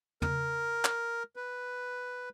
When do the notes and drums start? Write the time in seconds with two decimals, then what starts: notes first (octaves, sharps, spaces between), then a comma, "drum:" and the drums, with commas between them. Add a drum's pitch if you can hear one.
0.22 A#4, drum: tom
0.85 drum: clap
1.36 B4